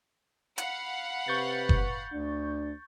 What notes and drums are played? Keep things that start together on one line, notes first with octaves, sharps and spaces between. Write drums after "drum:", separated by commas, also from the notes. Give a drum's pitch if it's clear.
F5 F#5 B5, drum: hi-hat
C3 B4 C#6 G6 A6
drum: kick F#1
D2 D4